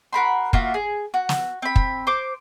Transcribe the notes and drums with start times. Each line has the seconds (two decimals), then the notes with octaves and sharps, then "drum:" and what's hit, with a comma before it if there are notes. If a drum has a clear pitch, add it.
0.13 F#4 A#4 B5 C6
0.53 A#3 F4 F#4 E5, drum: kick
0.74 G#4
1.14 F#4
1.29 drum: snare
1.62 C4 B5
1.76 drum: kick
2.07 C5 D6